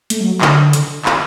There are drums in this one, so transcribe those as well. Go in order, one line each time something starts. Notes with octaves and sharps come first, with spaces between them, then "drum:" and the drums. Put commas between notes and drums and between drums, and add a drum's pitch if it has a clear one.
A3, drum: hi-hat
F#3
D3, drum: clap
drum: hi-hat
drum: clap